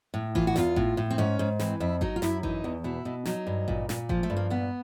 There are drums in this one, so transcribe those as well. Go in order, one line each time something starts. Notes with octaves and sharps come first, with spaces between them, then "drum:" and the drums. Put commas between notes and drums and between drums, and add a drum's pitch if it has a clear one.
A2
E3 F4, drum: kick G#1
F#4
E2 F4, drum: snare
A2, drum: kick G#1
A2
C4
G#2 C#4
G#2
E3 C4, drum: snare
F2 E4
F#3 D#4, drum: kick G#1
F4
F#2 E4, drum: snare
E3 D#4, drum: kick G#1
E2
B2 E4
B2
F#3 D#4, drum: snare
G2
A#2, drum: kick G#1
A#2, drum: snare
F3 A#3, drum: kick G#1
A3
G2
A#3
A#2 B3